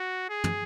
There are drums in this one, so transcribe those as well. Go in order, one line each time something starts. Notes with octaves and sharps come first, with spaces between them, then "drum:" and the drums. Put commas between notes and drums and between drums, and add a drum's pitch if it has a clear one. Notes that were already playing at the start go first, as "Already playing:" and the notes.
Already playing: F#4
G#4
drum: tom